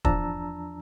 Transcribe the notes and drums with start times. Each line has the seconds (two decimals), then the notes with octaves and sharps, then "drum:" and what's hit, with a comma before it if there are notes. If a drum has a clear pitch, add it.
0.05 E2 F3 D4 A5 A#5 E6, drum: kick